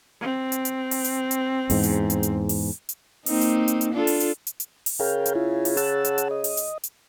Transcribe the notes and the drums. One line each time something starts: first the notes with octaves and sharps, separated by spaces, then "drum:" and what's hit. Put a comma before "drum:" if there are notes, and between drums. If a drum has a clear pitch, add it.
C4
drum: hi-hat
drum: hi-hat
drum: open hi-hat
drum: hi-hat
drum: hi-hat
E2 G#2, drum: open hi-hat
drum: hi-hat
drum: hi-hat
drum: hi-hat
drum: open hi-hat
drum: hi-hat
A#3 C4 D#4, drum: open hi-hat
drum: hi-hat
drum: hi-hat
drum: hi-hat
D4 F4 A4
drum: open hi-hat
drum: hi-hat
drum: hi-hat
drum: hi-hat
drum: open hi-hat
C#3 A#4 F5 G5
drum: hi-hat
E4 F4 G#4
drum: open hi-hat
F#5 A5 E6, drum: hi-hat
drum: hi-hat
drum: hi-hat
D#5
drum: open hi-hat
drum: hi-hat
drum: hi-hat